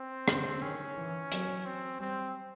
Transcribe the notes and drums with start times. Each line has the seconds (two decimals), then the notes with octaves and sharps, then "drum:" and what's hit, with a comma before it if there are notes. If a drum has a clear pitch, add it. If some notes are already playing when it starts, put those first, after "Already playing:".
Already playing: C4
0.28 D3, drum: rim click
0.62 D#3 C#4
0.97 E3
1.32 F#3, drum: hi-hat
1.65 C4
2.00 G3 C4